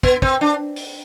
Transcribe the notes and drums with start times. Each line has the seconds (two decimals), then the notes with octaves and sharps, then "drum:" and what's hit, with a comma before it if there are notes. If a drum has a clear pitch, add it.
0.03 B3, drum: kick
0.22 C4, drum: kick
0.41 D4
0.76 drum: open hi-hat